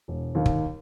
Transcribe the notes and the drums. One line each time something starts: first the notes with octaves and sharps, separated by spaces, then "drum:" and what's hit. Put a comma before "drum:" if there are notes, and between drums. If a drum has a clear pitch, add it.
E1
D#2 D#3
drum: kick